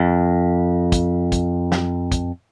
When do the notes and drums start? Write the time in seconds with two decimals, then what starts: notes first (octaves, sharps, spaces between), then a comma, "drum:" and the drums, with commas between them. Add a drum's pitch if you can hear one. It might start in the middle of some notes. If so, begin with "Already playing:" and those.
Already playing: F2
0.92 drum: kick, hi-hat
1.32 drum: kick, hi-hat
1.72 drum: snare
2.12 drum: kick, hi-hat